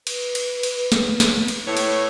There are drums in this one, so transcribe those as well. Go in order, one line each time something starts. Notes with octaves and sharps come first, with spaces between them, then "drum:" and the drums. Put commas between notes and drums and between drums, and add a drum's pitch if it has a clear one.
B4, drum: cymbal
drum: cymbal
drum: cymbal
drum: snare
drum: snare
drum: cymbal
A2 B4 C#5
drum: cymbal